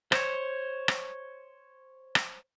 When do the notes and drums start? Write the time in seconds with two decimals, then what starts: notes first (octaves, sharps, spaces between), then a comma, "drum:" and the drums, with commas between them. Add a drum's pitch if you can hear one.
0.12 C5 C#5, drum: rim click
0.88 drum: rim click
2.15 drum: rim click